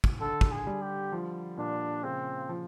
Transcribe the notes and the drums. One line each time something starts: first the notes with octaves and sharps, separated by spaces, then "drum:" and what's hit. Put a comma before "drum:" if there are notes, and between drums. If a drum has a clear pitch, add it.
drum: kick
D3 A4
drum: kick
G#4
G3
G4
F3
A#2 D4
C#3 C4
F3